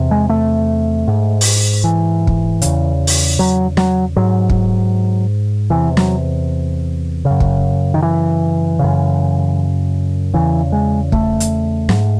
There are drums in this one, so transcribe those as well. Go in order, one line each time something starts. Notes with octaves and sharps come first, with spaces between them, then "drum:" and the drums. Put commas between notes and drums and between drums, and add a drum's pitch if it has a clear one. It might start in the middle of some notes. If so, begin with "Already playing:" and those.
Already playing: E2 C3
G#3
A3
G#2
drum: open hi-hat
E3
drum: kick
E2 C#3, drum: hi-hat
drum: open hi-hat
F#3
F#3, drum: snare
G#2 F#3
drum: kick
E2 C3 E3
F#3, drum: snare
C#3
F#2
drum: kick
D#3
E3
F#2 C#3
E2 C#3 E3
G#3
A3, drum: kick
drum: hi-hat
G#2, drum: snare